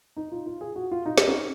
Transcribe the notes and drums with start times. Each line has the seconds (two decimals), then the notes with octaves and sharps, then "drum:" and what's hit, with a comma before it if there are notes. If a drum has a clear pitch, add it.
0.17 D#4
0.32 F4
0.46 F4
0.61 G#4
0.76 F#4
0.91 F4
1.06 D#4
1.18 drum: snare
1.28 C#4